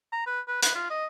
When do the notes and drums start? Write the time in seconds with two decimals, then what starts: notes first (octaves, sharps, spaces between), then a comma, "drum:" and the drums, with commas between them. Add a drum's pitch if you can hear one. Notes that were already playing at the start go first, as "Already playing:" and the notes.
0.12 A#5
0.27 B4
0.48 B4
0.62 B4, drum: hi-hat
0.75 F4
0.90 D#5